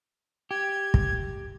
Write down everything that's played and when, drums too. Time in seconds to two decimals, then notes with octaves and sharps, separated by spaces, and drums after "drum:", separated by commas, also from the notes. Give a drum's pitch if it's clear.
0.51 G4 G#6
0.94 drum: kick